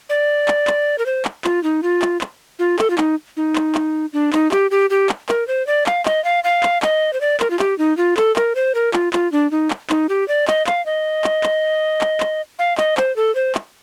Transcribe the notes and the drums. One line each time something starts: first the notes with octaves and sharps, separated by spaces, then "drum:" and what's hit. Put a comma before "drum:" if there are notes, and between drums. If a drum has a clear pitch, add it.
D5
drum: clap
drum: clap
A#4
C5
drum: clap
F4, drum: clap
D#4
F4
drum: clap
drum: clap
F4
A4, drum: clap
F4
D#4, drum: clap
D#4
drum: clap
drum: clap
D4
D#4, drum: clap
G4, drum: clap
G4
G4
drum: clap
A#4, drum: clap
C5
D5
F5, drum: clap
D#5, drum: clap
F5
F5
drum: clap
D#5, drum: clap
C5
D5
A#4, drum: clap
F4
G4, drum: clap
D#4
F4
A4, drum: clap
A#4, drum: clap
C5
A#4
F4, drum: clap
F4, drum: clap
D4
D#4
drum: clap
D#4, drum: clap
G4
D5
D#5, drum: clap
F5, drum: clap
D#5
drum: clap
drum: clap
drum: clap
drum: clap
F5
D#5, drum: clap
C5, drum: clap
A4
C5
drum: clap